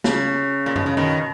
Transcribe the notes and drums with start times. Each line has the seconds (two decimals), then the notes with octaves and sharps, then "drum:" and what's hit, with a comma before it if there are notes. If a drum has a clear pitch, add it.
0.04 C#3, drum: snare
0.66 A#2
0.76 B2, drum: tom F#2
0.86 C#3
0.97 B2 D#3